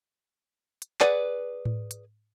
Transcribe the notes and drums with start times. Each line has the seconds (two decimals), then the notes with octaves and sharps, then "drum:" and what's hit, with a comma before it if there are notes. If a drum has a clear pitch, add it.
0.82 drum: hi-hat
1.00 G#4 B4 D5 F#5, drum: clap
1.65 drum: tom A2
1.91 drum: hi-hat